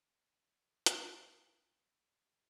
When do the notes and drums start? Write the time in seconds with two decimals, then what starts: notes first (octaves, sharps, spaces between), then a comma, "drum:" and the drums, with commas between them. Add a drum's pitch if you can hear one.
0.86 D3 F3 F#3 A3 C4, drum: hi-hat